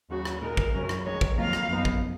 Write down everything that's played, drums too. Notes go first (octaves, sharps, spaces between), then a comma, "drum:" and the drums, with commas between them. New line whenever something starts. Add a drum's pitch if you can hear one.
D#2 C#3 F#3 F#4
drum: rim click
A#2 G#3 D#4 A#4
drum: kick
F#2 C#3 F#3 C#4
drum: rim click
D#3 G#3 C#4 C#5
drum: kick
F2 D#3 F#3 A#3 F4 F5
drum: rim click
F#2 F3 B3 D#4
drum: kick